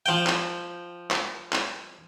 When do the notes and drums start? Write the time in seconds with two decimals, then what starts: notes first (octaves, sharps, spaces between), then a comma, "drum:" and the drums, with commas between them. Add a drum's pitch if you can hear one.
0.06 F3 G5
0.27 drum: clap
1.11 drum: clap
1.53 drum: clap